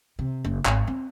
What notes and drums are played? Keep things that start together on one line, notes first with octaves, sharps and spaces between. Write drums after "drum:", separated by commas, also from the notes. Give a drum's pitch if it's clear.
C3
F#1
G#1, drum: clap
C4